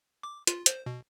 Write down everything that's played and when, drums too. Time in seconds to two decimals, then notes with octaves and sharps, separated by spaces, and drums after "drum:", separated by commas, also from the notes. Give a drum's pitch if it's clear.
0.23 D6
0.47 F4, drum: hi-hat
0.66 C5, drum: hi-hat
0.86 B2